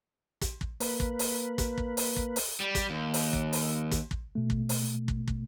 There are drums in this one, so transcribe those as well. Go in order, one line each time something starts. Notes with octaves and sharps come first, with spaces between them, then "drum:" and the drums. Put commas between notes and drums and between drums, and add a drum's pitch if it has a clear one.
drum: kick, hi-hat
drum: kick
A#3 B4, drum: open hi-hat
drum: kick
drum: open hi-hat
drum: kick, hi-hat
drum: kick
drum: open hi-hat
drum: kick
drum: open hi-hat
G3
drum: kick, hi-hat
D#2
drum: open hi-hat
drum: kick
drum: open hi-hat
drum: kick, hi-hat
drum: kick
B2 A3
drum: kick
drum: open hi-hat
drum: kick
drum: kick